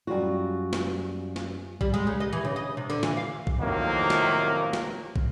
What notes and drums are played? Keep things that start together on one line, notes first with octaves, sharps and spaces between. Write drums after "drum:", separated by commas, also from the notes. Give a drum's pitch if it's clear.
F#2 G3 F4 F#4
drum: snare
drum: snare
G3, drum: kick
G#3
C#3
D#5
E3
C#3
D#5
C3
D3
E3, drum: snare
F5
drum: kick
F2 A2 C3 D#3 F#3 A#3
drum: snare
drum: snare
drum: kick